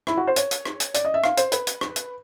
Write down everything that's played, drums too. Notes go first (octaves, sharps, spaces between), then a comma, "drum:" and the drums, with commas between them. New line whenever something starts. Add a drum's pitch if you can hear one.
E4, drum: rim click
F#4
C5
C#5, drum: hi-hat
drum: hi-hat
drum: rim click
drum: hi-hat
D5, drum: hi-hat
D#5
E5
F5, drum: rim click
C5, drum: hi-hat
B4, drum: hi-hat
drum: hi-hat
drum: rim click
drum: hi-hat